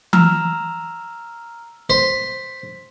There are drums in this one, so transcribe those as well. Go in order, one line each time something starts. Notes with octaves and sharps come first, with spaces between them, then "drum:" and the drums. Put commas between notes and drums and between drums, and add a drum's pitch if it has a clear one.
A#5 E6 F6, drum: tom E3
C5 B6